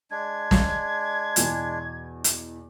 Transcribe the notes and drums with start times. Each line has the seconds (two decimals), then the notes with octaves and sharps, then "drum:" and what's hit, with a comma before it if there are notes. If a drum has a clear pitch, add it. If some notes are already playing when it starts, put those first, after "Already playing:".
0.11 G#3 D4 G#6
0.51 drum: snare
1.36 E2 B2 G#5, drum: hi-hat
2.24 drum: hi-hat